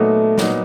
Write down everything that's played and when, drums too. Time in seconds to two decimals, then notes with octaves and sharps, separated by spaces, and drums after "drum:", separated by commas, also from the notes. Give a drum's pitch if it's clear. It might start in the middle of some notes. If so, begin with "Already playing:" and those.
Already playing: A#2 F#3 A3 B3 D#4
0.38 A#2 F#3 B3 D#4, drum: snare